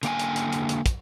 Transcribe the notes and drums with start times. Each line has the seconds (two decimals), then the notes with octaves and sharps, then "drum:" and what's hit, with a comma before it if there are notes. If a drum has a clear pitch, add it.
0.03 D3 A#3 G5 G#5, drum: hi-hat
0.19 drum: hi-hat
0.36 drum: hi-hat
0.53 drum: hi-hat
0.69 drum: hi-hat
0.86 drum: kick, hi-hat